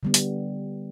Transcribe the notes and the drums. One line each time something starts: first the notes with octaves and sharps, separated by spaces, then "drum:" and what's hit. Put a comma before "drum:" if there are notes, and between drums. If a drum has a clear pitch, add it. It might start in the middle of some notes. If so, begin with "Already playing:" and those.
D3 G3 B3
drum: hi-hat